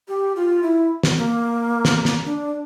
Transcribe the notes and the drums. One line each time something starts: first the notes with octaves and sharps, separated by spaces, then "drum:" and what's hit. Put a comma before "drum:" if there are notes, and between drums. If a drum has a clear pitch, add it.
G4
F4
E4
drum: snare
A#3
drum: snare
drum: snare
D4